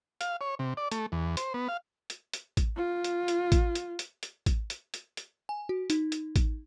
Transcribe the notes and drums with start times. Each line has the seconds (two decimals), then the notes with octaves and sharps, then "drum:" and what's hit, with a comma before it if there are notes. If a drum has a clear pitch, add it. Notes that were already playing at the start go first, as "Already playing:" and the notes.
0.21 F5, drum: hi-hat
0.41 C#5
0.59 C3
0.77 D5
0.91 A3, drum: hi-hat
1.12 E2
1.37 C5, drum: hi-hat
1.54 B3
1.69 F5
2.10 drum: hi-hat
2.33 drum: hi-hat
2.57 drum: kick A1, hi-hat
2.76 F4
3.04 drum: hi-hat
3.28 drum: hi-hat
3.52 drum: kick A1, hi-hat
3.75 drum: hi-hat
3.99 drum: hi-hat
4.23 drum: hi-hat
4.46 drum: kick A1, hi-hat
4.70 drum: hi-hat
4.94 drum: hi-hat
5.17 drum: hi-hat
5.49 G#5
5.69 F#4
5.90 D#4, drum: hi-hat
6.12 drum: hi-hat
6.36 drum: kick A1, hi-hat